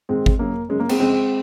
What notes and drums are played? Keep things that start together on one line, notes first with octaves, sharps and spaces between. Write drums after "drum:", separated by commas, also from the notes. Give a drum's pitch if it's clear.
G#2 D#3 G#3 C4
drum: kick G#1
F#2 C#3 A#3
F#2 C#3 G#3
A#3
G#3 C4, drum: cymbal
F2 C#3 G#3 C4